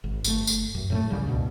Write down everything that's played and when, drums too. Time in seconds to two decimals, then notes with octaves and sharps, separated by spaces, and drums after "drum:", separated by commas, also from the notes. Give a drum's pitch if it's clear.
0.04 G#1
0.24 G1 A3, drum: tambourine
0.47 drum: tambourine
0.75 F#2
0.90 A2 G#3 A3
1.10 C2 C#3 G3
1.24 C#2 G2 B2